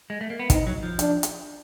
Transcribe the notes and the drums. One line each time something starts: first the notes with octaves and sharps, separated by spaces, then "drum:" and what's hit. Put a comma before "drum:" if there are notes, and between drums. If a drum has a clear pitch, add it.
G#3
A3
A#3
B3
C4 D#4, drum: kick, hi-hat
F#3
F3
D4, drum: hi-hat
drum: hi-hat